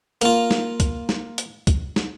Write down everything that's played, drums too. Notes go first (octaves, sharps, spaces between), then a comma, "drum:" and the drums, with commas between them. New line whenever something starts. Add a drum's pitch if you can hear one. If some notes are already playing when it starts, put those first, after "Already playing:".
A#3 F4, drum: hi-hat
drum: snare
drum: kick, hi-hat
drum: snare
drum: hi-hat
drum: kick, hi-hat
drum: snare